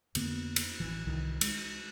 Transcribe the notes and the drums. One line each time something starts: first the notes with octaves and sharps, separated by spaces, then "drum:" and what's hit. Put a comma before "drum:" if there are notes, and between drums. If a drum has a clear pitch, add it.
F2 D3 A#3 B3, drum: cymbal
drum: cymbal
A1 E3
C2 D#3 E3
G#3, drum: cymbal